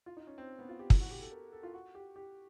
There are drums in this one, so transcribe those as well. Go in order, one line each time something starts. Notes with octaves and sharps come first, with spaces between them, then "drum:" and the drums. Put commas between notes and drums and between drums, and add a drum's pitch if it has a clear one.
F4
D#4
C#4
C4
B3
F4
G4
E4, drum: kick
F#4
G4
A4
A#4
A4
F4
F#4
G4
G4